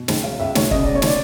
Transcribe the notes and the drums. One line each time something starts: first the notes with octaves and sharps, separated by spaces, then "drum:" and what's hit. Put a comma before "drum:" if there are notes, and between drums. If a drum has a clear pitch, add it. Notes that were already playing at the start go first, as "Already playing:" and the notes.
Already playing: B2
C#2, drum: snare
F#3 F5
C#2 E5
B2 C#5, drum: snare
C#3 D#5, drum: kick
C#3 D5
C#5
C#3, drum: snare
D5